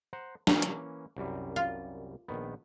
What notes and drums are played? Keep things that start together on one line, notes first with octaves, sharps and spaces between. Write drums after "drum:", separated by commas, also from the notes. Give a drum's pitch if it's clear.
C5 F#5 A#5
E3 A#3 C#4, drum: snare
drum: hi-hat
C2 F#2 G3
F4
A#1 D#3 B3